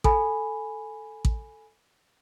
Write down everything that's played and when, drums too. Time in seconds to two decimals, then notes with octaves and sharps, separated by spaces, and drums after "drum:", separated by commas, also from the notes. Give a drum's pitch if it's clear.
0.04 A4 G#5 B5, drum: kick A1
1.25 drum: kick A1